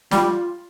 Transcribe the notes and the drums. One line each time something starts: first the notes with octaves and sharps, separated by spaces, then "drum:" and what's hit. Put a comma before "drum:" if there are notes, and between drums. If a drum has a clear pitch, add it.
G3 F4, drum: snare